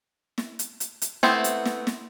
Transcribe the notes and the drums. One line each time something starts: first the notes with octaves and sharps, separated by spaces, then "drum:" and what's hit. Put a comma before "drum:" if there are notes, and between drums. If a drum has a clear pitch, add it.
drum: snare
drum: hi-hat
drum: hi-hat
drum: hi-hat
A3 B3 C4 E4, drum: snare
drum: hi-hat
drum: snare
drum: snare